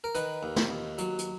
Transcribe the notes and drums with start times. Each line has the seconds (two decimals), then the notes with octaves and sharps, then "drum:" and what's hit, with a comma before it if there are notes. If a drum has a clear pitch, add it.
0.04 A#4
0.15 D#3 B4, drum: hi-hat
0.43 D#2
0.56 drum: snare
0.70 D#2
0.98 F#3, drum: hi-hat
1.19 drum: hi-hat